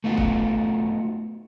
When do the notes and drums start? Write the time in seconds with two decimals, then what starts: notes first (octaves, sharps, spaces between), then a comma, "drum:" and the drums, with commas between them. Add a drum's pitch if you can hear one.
0.04 A3 B3 D#4 F4 F#4
0.18 drum: kick